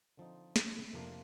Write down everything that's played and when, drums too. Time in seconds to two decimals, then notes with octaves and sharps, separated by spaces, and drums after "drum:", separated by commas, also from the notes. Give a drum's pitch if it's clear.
0.17 D3 F3 C4 D#4
0.56 drum: snare
0.93 F2 C3 F3 A#3 D4